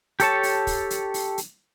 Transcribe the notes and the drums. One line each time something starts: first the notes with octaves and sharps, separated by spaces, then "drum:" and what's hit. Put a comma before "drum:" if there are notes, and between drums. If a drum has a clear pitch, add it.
G4 A4 C#5 A5, drum: hi-hat
drum: open hi-hat
drum: kick, open hi-hat
drum: hi-hat
drum: open hi-hat
drum: hi-hat